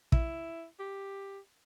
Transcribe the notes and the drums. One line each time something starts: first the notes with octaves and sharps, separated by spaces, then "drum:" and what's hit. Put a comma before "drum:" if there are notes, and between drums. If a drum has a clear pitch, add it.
E4, drum: kick
G4